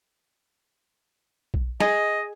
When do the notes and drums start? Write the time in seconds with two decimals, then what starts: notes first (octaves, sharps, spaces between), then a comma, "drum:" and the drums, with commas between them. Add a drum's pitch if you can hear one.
1.54 drum: kick A#1
1.80 G#4 D#5, drum: snare